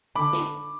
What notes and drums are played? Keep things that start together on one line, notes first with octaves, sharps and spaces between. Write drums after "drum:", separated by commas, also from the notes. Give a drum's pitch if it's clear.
D3 B5 D6
drum: snare